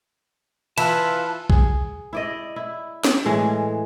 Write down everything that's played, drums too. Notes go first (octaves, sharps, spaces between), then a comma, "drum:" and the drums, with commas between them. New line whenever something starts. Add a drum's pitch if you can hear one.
E3 F4 A5 B5 E6 F#6, drum: cymbal
G#4, drum: kick
E4 D5 D#5
E4
drum: snare
A2 E3 G#3